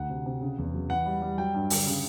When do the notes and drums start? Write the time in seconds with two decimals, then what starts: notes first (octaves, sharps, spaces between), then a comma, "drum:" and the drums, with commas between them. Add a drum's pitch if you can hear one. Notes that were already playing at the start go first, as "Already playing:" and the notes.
Already playing: D2 F#5
0.10 C3
0.26 C3
0.42 C#3
0.58 E2
0.74 F#3
0.90 E3 F#5
1.06 G3
1.22 G3
1.38 F#3 G5
1.54 G2
1.70 D3, drum: open hi-hat
1.86 C#3